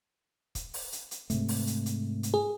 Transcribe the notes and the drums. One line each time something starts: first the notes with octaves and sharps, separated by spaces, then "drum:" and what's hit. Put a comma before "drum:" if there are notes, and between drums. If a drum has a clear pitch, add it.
drum: kick, hi-hat
drum: open hi-hat
drum: hi-hat
drum: hi-hat
G#2 C3 A3, drum: kick, hi-hat
drum: open hi-hat
drum: hi-hat
drum: hi-hat
drum: hi-hat
G#4